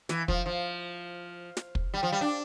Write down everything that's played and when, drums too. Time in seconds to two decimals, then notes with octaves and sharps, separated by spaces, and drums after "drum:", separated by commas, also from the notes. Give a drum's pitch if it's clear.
0.09 E3, drum: snare
0.28 F3, drum: kick
0.46 F3
1.57 drum: snare
1.75 drum: kick
1.94 G3
2.03 F3
2.12 G3
2.21 D4